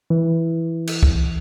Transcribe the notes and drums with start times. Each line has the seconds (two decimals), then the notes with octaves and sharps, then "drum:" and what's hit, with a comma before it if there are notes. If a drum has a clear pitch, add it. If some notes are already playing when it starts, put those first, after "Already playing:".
0.10 E3
0.87 drum: cymbal
1.03 drum: kick